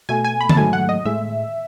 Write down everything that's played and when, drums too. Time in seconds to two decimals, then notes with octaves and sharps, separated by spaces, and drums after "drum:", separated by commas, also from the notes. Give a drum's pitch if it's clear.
0.09 B2 A3 G#5
0.24 G#5
0.41 B5
0.49 A5, drum: tom D3
0.57 G#2 F#3 A3 G#5
0.73 F#5
0.89 D#5
1.05 A2 G#3 E5